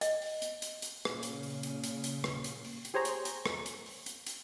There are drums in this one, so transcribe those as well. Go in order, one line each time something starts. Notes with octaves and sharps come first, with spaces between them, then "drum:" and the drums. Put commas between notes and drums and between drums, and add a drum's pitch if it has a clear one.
D#5, drum: hi-hat
drum: open hi-hat
drum: hi-hat
drum: hi-hat
drum: hi-hat
A#2 C#3, drum: rim click
drum: hi-hat
drum: open hi-hat
drum: hi-hat
drum: hi-hat
drum: hi-hat
drum: rim click
drum: hi-hat
drum: open hi-hat
drum: hi-hat
G4 G#4 C5 C#5 A#5
drum: hi-hat
drum: hi-hat
drum: rim click
drum: hi-hat
drum: open hi-hat
drum: hi-hat
drum: hi-hat